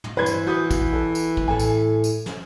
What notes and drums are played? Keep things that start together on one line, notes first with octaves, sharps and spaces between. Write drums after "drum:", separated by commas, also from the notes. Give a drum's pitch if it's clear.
drum: tom
G2 E3 B4 C5 G#6
drum: tambourine
F#4 B4 D#6 G6
drum: kick, tambourine
A4
drum: tambourine
drum: kick
A2 A4 G#5
drum: tambourine
drum: tambourine
drum: snare